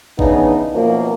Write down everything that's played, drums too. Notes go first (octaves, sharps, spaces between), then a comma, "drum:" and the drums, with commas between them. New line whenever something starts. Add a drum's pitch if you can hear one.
C#3 E3 B3 D4 D#4, drum: kick
F#2 B2 F3 A#3